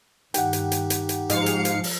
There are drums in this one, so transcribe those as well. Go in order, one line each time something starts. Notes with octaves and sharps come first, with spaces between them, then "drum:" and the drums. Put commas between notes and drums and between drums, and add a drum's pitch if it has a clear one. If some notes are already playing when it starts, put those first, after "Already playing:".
G2 D#3 D#4 G4 F#5 G5, drum: hi-hat
drum: hi-hat
drum: hi-hat
drum: hi-hat
drum: hi-hat
G#2 F3 F5 C#7, drum: hi-hat
drum: hi-hat
drum: hi-hat
drum: open hi-hat